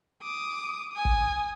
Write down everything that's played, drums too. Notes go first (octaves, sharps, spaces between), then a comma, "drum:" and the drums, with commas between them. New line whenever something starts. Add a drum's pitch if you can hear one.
D6 D#6
G#5 D#6
drum: kick